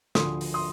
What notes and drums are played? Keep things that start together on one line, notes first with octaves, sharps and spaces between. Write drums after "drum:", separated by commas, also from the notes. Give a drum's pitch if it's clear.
D2 D3 F3 C6 D#6, drum: snare
drum: open hi-hat
C6 D#6